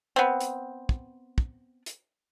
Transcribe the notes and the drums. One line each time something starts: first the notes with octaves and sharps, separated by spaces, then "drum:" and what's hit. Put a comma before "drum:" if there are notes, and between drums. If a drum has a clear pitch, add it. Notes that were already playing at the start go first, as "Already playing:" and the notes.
B3 C4
drum: hi-hat
drum: kick
drum: kick
drum: hi-hat